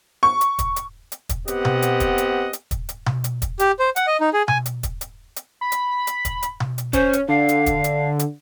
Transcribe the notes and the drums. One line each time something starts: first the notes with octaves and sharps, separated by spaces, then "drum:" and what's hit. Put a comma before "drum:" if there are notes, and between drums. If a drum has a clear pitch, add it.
C#6
drum: hi-hat
drum: kick, hi-hat
drum: hi-hat
drum: hi-hat
drum: kick, hi-hat
B3 C4 G4 D#5 F#5, drum: hi-hat
drum: tom B2
drum: hi-hat
drum: kick, hi-hat
drum: hi-hat
drum: hi-hat
drum: kick, hi-hat
drum: hi-hat
drum: tom B2
drum: hi-hat
drum: kick, hi-hat
G4, drum: hi-hat
C5
F#5, drum: hi-hat
D#5
D#4
G#4
G#5, drum: tom B2
drum: hi-hat
drum: kick, hi-hat
drum: hi-hat
drum: hi-hat
B5
drum: hi-hat
drum: hi-hat
drum: kick, hi-hat
drum: hi-hat
drum: tom B2
drum: hi-hat
C#4 C5, drum: kick, hi-hat
drum: hi-hat
D3 F5
drum: hi-hat
drum: kick, hi-hat
drum: hi-hat
drum: hi-hat